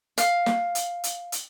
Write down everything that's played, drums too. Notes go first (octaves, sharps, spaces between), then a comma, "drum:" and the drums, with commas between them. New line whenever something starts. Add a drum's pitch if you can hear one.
F5, drum: hi-hat
drum: snare
drum: hi-hat
drum: hi-hat
drum: hi-hat